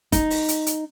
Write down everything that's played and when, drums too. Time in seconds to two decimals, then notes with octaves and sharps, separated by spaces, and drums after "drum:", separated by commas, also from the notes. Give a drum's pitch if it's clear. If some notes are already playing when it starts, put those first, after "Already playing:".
0.12 D#4, drum: kick, hi-hat
0.30 drum: open hi-hat
0.48 drum: hi-hat
0.66 drum: hi-hat